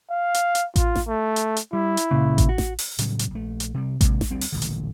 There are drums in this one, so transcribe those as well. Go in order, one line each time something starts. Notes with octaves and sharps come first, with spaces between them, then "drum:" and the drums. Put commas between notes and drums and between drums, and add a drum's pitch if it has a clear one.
F5
drum: hi-hat
drum: hi-hat
F4, drum: kick A1, hi-hat
drum: snare A1
A3
drum: hi-hat
drum: hi-hat
G3 E4
drum: hi-hat
C#2 A#2 C#3
drum: kick A1, hi-hat
F#4
drum: snare A1
drum: open hi-hat
A2 C#3 F#3 G3, drum: hi-hat
drum: hi-hat
A#1 A3
drum: hi-hat
C3 G3
C3 G#3 A#3, drum: kick A1, hi-hat
drum: snare A1
D2 G3 C4
drum: open hi-hat
D#1 A1 D3
drum: hi-hat